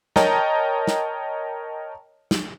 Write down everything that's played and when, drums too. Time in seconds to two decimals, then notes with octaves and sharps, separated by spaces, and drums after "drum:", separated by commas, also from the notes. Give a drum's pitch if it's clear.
0.16 A#4 C#5 D#5 G5 A5 A#5, drum: snare
0.87 drum: snare
2.31 drum: snare